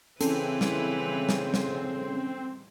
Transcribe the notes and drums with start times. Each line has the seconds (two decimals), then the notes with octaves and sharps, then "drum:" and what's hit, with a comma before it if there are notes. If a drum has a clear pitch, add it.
0.21 C#3 E3 C4 C#4 E4 A4 B4, drum: hi-hat
0.61 drum: snare
1.29 drum: snare
1.54 drum: snare